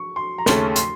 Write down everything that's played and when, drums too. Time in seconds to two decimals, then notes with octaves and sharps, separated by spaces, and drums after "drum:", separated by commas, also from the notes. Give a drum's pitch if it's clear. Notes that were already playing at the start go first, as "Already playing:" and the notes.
Already playing: C#6
0.16 C6
0.38 A#5
0.46 D#2 C#3 A3 C#4 A4 C6, drum: snare
0.76 C6, drum: hi-hat